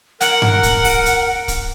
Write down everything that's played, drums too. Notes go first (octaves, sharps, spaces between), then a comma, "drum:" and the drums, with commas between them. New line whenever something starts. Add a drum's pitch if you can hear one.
A#4 F#5, drum: hi-hat
drum: tom G2
drum: kick, hi-hat
drum: kick, open hi-hat
drum: hi-hat
drum: kick, hi-hat